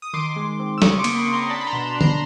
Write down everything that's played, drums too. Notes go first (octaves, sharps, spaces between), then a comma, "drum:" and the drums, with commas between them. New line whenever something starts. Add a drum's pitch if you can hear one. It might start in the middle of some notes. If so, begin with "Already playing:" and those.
D#6
D#3 C6 D6
G#3
C4
E6
C#3 C#6 D#6, drum: snare
C6 D6
A#3, drum: cymbal
B5 C#6
C#3
A#5 C6
D4 A5 B5
B5
A#5 C6
B2
D4
A#5 C6, drum: tom D3